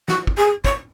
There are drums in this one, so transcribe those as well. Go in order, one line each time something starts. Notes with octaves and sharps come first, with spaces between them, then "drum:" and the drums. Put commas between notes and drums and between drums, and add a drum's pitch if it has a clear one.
F#4, drum: snare
drum: kick
G#4
C#5, drum: kick